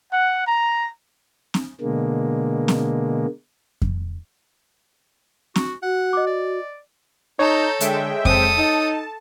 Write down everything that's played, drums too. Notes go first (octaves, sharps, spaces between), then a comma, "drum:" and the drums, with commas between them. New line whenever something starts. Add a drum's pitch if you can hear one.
F#5
A#5
drum: snare
B2 D3 G#3 A#3
drum: snare
drum: kick F2
F#4, drum: snare
F#4 F#5
D#5 D6
D5
D#4 A4 C#5 A#5 G6
D3 G#3 E5 G5, drum: hi-hat
C4 A4 D#6, drum: kick F2
D#4 A5